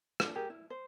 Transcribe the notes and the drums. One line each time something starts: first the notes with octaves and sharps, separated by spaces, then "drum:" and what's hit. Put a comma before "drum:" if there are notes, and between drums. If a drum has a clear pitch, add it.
D4, drum: rim click
G4 G#4 A#4
E4
C5